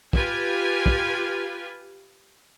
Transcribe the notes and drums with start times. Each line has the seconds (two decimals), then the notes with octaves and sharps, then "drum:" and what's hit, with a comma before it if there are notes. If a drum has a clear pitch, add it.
0.13 F4 G4 B4 G#5, drum: kick
0.86 drum: kick